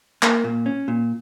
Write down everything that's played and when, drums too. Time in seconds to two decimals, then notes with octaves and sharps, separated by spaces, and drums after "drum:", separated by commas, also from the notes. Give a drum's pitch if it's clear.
0.22 A#3, drum: clap
0.44 A#2
0.66 C#4
0.88 A#2